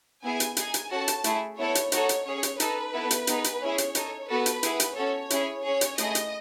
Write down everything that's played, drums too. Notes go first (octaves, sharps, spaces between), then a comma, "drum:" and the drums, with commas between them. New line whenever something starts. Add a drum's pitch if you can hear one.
B3 E4 G#4 G#5
drum: hi-hat
D#4 G#4 G#5, drum: hi-hat
drum: hi-hat
C#4 F#4 A4 A5
drum: hi-hat
A3 E4 G#4, drum: hi-hat
B3 E4 A4 C#5
drum: hi-hat
D#4 F#4 A4 C#5, drum: hi-hat
drum: hi-hat
C#4 G#4 C#5
drum: hi-hat
D#4 A4 B4, drum: hi-hat
B3 E4 A4
drum: hi-hat
B3 D#4 G#4, drum: hi-hat
drum: hi-hat
C#4 E4 G#4 C#5
drum: hi-hat
D#4 A4, drum: hi-hat
B3 F#4 A4 B4
drum: hi-hat
B3 E4 G#4, drum: hi-hat
drum: hi-hat
C#4 F#4 A4 C#5
C#4 E4 G#4, drum: hi-hat
C#4 G#4 C#5
drum: hi-hat
A3 E4 G#4 D#5, drum: hi-hat
drum: hi-hat